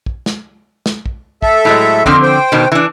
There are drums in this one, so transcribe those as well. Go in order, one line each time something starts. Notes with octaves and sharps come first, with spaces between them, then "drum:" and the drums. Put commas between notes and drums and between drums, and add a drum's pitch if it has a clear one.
drum: kick
drum: snare
drum: snare
drum: kick
A4 E5, drum: kick
A2 F#3 G#3
F2 D3 F3 C4 D#5 F6, drum: kick
C5 G5
B2 D#3
E3 D4